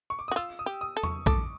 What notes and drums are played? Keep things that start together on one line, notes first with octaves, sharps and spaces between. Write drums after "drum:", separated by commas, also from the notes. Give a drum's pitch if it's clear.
C#6
D6
F#4 D#6
F4 E6
D#6
G4
D#6
A4
C#6, drum: tom E2
A4 D6, drum: kick